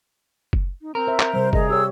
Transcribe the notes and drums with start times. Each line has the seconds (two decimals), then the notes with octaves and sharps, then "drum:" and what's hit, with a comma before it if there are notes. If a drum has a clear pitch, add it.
0.53 drum: kick F#1
0.82 D#4
0.95 C4 A#4
1.07 C5 E5
1.20 drum: clap
1.34 C3 G3 C5
1.53 G#4 D#5, drum: kick F#1
1.70 G4 C#5 E6